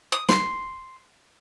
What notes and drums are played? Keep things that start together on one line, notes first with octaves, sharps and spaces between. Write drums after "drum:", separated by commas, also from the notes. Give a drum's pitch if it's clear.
D#6
C6, drum: snare